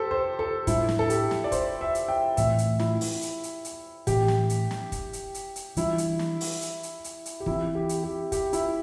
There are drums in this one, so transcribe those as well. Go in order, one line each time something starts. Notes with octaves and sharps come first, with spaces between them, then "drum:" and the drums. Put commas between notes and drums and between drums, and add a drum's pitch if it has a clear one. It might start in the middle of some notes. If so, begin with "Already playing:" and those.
Already playing: G4 A4 C5
C5
A4
A2 G3 D4 E4, drum: kick, hi-hat
drum: snare
A4
G4, drum: hi-hat
drum: snare
D5
C5, drum: kick, hi-hat
E5
drum: hi-hat
G5
A2 E3 A3 C4 E5, drum: hi-hat
drum: hi-hat
E4, drum: snare
drum: open hi-hat
drum: hi-hat
drum: hi-hat
drum: hi-hat
A2 E3 C4 G4, drum: kick, hi-hat
drum: snare
drum: hi-hat
drum: snare
drum: kick, hi-hat
drum: hi-hat
drum: hi-hat
drum: hi-hat
E3 G3 D4 E4, drum: hi-hat
drum: hi-hat
drum: snare
drum: open hi-hat
drum: hi-hat
drum: hi-hat
drum: hi-hat
drum: hi-hat
G4
E3 C4 E4, drum: kick
G4
drum: hi-hat
G4
G4, drum: kick, hi-hat
E4, drum: hi-hat